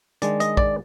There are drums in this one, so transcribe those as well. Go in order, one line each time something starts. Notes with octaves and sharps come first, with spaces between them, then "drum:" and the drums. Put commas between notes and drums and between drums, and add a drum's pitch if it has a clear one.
D#3 G#3 D4 D5, drum: hi-hat
D#5, drum: hi-hat
D5, drum: kick A#1